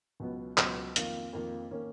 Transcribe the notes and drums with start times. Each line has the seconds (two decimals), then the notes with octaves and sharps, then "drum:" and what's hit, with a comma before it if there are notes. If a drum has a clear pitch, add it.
0.20 C#2 B2 F#3 B3
0.58 C#2 B2 F#3 B3, drum: clap
0.96 F2 D#3 A#3 F4, drum: hi-hat
1.33 F2 D#3 A#3 F4
1.71 D#3 A#3 C#4